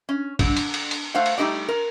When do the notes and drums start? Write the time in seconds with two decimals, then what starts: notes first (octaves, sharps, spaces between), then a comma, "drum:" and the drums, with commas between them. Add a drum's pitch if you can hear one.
0.09 C#4
0.39 D3, drum: kick, cymbal
0.57 drum: cymbal
0.74 drum: cymbal
0.91 drum: cymbal
1.14 A3 C5 F5 F#5
1.26 drum: cymbal
1.38 G3 A3 D#4 G4 D5
1.68 A#4